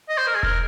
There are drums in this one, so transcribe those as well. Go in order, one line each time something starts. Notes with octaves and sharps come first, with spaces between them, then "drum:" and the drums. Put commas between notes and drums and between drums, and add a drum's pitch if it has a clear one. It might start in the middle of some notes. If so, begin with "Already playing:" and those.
D#5
C5
A#4
G#4
A#4, drum: kick E1